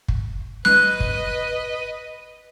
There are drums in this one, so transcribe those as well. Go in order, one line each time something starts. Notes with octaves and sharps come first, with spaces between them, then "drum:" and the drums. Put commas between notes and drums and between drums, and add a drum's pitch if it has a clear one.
drum: kick
B4 D#5 F#6, drum: snare
drum: kick